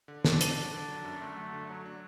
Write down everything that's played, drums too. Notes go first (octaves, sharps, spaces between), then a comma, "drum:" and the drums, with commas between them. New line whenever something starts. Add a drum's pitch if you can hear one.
D3
D3 D4, drum: snare
F#3, drum: hi-hat
D3
D3 D4
F#3
F#2
D3 A3
F#3
D3
F#3 F#4
D4